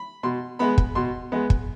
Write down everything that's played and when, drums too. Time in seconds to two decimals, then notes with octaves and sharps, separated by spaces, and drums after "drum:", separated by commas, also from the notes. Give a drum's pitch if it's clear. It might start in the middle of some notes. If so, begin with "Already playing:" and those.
Already playing: B5
0.23 B2 C6
0.59 G#3 B3 B5
0.78 drum: kick
0.95 B2 C6
1.32 G#3 B3
1.50 drum: kick